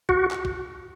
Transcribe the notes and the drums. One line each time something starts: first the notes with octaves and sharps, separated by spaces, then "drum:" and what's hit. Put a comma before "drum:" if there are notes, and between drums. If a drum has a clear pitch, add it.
F#4, drum: kick
drum: clap
drum: kick